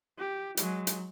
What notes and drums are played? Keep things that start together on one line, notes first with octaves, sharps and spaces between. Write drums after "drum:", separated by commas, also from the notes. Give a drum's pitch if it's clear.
G4
F#3 G#3, drum: hi-hat
drum: hi-hat